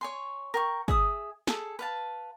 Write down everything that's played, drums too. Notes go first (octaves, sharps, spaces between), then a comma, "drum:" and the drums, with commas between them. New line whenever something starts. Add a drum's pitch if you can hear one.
C#5 G#5 C6
A#4 G5 C#6
G#4 E5 D#6, drum: kick
G#4 A4, drum: snare
B4 F5 A5